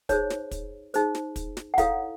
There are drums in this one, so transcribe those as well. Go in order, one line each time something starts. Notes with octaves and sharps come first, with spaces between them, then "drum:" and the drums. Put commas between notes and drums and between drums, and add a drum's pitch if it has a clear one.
D#4 G#4 C5 C#5, drum: kick, hi-hat
drum: snare
drum: kick, hi-hat
D#4 G#4 C5, drum: hi-hat
drum: snare
drum: kick, hi-hat
drum: snare
F#5
E4 A4 C#5 F5, drum: kick, hi-hat